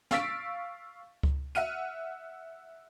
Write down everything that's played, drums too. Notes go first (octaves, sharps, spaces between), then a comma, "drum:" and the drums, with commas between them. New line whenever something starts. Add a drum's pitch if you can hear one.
F5 C#6 E6 A6 B6 D7, drum: snare
drum: kick C#2
E5 F#5 F6 D#7, drum: hi-hat